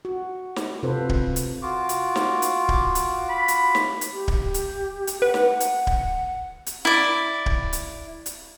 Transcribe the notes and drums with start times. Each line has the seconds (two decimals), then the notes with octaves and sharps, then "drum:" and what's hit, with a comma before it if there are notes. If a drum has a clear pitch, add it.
0.05 F#4
0.56 drum: snare
0.83 C3 F4 A4 B4 C5
1.09 drum: kick D1
1.36 drum: hi-hat
1.62 F4 F#4 D6
1.89 drum: hi-hat
2.16 drum: snare
2.42 drum: hi-hat
2.69 drum: kick D1
2.95 drum: hi-hat
3.29 B5
3.48 drum: hi-hat
3.75 drum: snare
4.01 drum: hi-hat
4.13 G4
4.28 drum: kick D1
4.54 drum: hi-hat
5.07 drum: hi-hat
5.22 B4 F#5
5.34 drum: snare
5.60 drum: hi-hat
5.87 drum: kick D1
6.66 drum: hi-hat
6.85 E4 D5
7.46 drum: kick D1
7.73 drum: hi-hat
8.26 drum: hi-hat